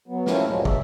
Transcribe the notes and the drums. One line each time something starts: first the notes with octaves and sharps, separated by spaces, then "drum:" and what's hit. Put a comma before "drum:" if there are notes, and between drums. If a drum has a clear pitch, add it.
F#3 B3
F3 A3 A#3 C4 C#4 E4, drum: snare
D2 G2 A#2 F3 F#3 G#3
E5, drum: kick